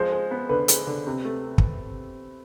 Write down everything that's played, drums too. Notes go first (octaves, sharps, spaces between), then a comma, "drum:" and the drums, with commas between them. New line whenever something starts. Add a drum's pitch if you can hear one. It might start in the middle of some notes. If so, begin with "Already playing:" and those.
Already playing: F3 G#3 C5
G#3
B3
D3 B4
G#3, drum: hi-hat
D3
C3
A3
drum: kick